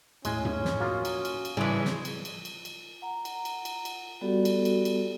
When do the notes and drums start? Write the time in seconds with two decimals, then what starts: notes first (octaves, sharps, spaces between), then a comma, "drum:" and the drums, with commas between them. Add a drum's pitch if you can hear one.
0.25 D#2 A2 G#3 C#4, drum: cymbal
0.45 drum: tom G2
0.65 drum: snare
0.80 A#3 F4 F#4 D#6
1.05 drum: cymbal
1.25 drum: cymbal
1.45 drum: cymbal
1.57 C#3 E3 G3 G#3 D4 E4
1.85 drum: snare
2.05 drum: cymbal
2.25 drum: cymbal
2.45 drum: cymbal
2.65 drum: cymbal
3.02 F#5 A#5
3.25 drum: cymbal
3.45 drum: cymbal
3.65 drum: cymbal
3.85 drum: cymbal
4.21 G3 B3 F#4 G4 A4 D5
4.45 drum: cymbal
4.65 drum: cymbal
4.85 drum: cymbal